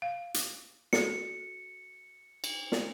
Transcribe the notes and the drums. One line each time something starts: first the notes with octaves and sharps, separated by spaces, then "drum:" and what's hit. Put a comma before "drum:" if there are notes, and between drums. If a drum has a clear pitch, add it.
F5
drum: hi-hat
F#4 A4 C#7, drum: snare
drum: cymbal
drum: snare